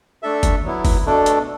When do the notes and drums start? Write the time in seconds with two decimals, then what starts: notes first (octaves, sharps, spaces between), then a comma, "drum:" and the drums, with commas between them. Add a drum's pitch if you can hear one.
0.23 A3 D4 A4 E5
0.43 drum: kick, hi-hat
0.64 F#3 B3 E4
0.85 drum: kick, open hi-hat
1.05 B2 A3 D4 A4
1.26 drum: hi-hat